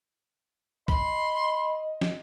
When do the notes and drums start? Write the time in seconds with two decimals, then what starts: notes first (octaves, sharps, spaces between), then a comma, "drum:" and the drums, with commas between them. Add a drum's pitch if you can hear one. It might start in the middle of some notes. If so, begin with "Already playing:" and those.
0.88 D#5 B5 C6, drum: kick B1
2.01 drum: snare